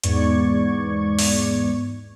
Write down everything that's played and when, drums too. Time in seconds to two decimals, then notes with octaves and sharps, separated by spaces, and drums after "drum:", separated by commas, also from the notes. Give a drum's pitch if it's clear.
0.04 E2 G#2 B3 D5 C#6 G#6, drum: hi-hat
1.19 drum: open hi-hat